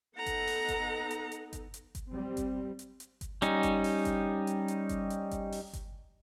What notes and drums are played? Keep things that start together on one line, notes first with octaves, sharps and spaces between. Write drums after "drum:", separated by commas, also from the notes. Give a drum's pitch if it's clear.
B3 D#4 A4 F#5 A#5
drum: kick G1, hi-hat
drum: open hi-hat
drum: kick G1, hi-hat
drum: hi-hat
drum: hi-hat
drum: kick G1, hi-hat
drum: hi-hat
drum: kick G1, hi-hat
G3 C4
drum: kick G1, hi-hat
drum: hi-hat
drum: hi-hat
drum: kick G1, hi-hat
G3 C#4 D#4, drum: hi-hat
drum: kick G1, hi-hat
drum: open hi-hat
drum: kick G1, hi-hat
drum: hi-hat
drum: hi-hat
drum: kick G1, hi-hat
drum: hi-hat
drum: kick G1, hi-hat
drum: open hi-hat
drum: kick G1, hi-hat